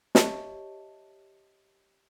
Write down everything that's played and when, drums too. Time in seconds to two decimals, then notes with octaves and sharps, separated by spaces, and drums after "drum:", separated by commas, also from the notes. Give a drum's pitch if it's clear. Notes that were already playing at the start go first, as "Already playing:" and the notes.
0.15 G4 C#5 D#5 E5 A5, drum: snare